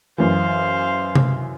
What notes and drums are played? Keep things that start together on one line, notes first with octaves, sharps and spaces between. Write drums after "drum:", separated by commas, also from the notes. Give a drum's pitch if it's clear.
F#2 E3 C5 F5
drum: tom C3